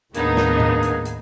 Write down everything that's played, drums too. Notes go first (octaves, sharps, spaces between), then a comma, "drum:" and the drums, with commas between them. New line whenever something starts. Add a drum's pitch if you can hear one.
D#2 A2 A#3 B3 D4 D#4 G#4, drum: hi-hat
drum: snare
drum: tom A2
drum: hi-hat
drum: hi-hat